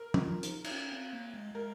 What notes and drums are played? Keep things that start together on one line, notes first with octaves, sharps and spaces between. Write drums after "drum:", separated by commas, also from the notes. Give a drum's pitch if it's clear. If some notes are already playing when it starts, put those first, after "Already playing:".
Already playing: A#4
F4, drum: tom
D#4, drum: hi-hat
D#4, drum: cymbal
C#4
C4
A#3
G#3
G#3 A#4